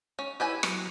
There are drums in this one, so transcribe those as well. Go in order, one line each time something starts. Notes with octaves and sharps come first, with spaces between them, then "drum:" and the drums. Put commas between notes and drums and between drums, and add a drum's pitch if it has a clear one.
C#4
E4 G4 B4 G#5
F#3, drum: rim click